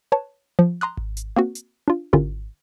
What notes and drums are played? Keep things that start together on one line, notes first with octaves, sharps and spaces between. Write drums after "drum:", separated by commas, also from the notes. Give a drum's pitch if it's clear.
B4 C#5 A5
F3
A#5 C6 D#6 F#6
drum: kick G#1
drum: hi-hat
A#3 C4 F#4
drum: hi-hat
D4 F4
D3 C#4 E4 F4 G4 A#4, drum: kick G#1